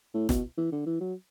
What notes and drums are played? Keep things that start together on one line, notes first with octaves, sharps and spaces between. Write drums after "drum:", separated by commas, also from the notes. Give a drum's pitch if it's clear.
A2
B2, drum: snare
E3
D3
E3
F#3